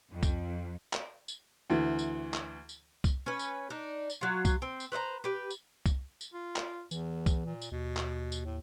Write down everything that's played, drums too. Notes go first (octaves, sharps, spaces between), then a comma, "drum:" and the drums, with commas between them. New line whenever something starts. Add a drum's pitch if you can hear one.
F2
drum: kick C2, tambourine
drum: clap
drum: tambourine
D2 E3
drum: tambourine
drum: clap
drum: tambourine
drum: kick C2, tambourine
C#4 B4
drum: tambourine
D4 D#4
drum: tambourine
F#3 F4
drum: kick C2, tambourine
C4
drum: tambourine
B4 C5 D#5 A#5
G4 B4
drum: tambourine
drum: kick C2, tambourine
drum: tambourine
F4
drum: clap
E2 E3, drum: tambourine
drum: kick C2, tambourine
A#2
drum: tambourine
D#2 B2
drum: clap
drum: tambourine
A2